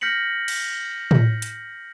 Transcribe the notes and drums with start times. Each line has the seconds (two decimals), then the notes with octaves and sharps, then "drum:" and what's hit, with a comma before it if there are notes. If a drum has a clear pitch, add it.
0.01 F6 G6 A#6 B6 C#7 F#7
0.48 drum: cymbal
1.11 drum: tom A2
1.42 drum: hi-hat